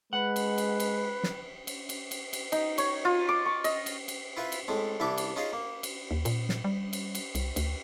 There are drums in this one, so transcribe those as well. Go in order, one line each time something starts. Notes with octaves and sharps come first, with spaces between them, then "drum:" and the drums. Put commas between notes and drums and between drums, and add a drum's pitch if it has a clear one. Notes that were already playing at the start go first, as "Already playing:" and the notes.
G#3 B4 F#5
drum: cymbal
drum: cymbal
drum: cymbal
drum: snare
drum: cymbal
drum: cymbal
drum: cymbal
drum: cymbal
D#4, drum: cymbal
C#5, drum: cymbal
F4
D6
C#6
D#5, drum: cymbal
drum: cymbal
drum: cymbal
E4 F4 B4 E5
drum: cymbal
A2 G#3 C4
C2 E3 D4 E4 E5 D6
drum: cymbal
C#4 D#4 F4 G#4 D#5 F5
A#3
drum: cymbal
D#2
A#2, drum: cymbal
drum: snare
G3
drum: cymbal
drum: cymbal
C2, drum: cymbal
D2, drum: cymbal